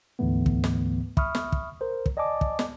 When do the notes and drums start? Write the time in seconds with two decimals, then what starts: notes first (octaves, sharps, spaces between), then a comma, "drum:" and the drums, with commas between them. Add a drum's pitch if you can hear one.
0.19 D2 G#2 D3 E3 A3 B3
0.46 drum: kick
0.64 drum: snare
1.17 E5 B5 C#6 D#6 F6, drum: kick
1.35 drum: snare
1.52 drum: kick
1.81 A#4 C5
2.06 drum: kick
2.17 D5 D#5 G#5 A5 D6
2.41 drum: kick
2.59 drum: snare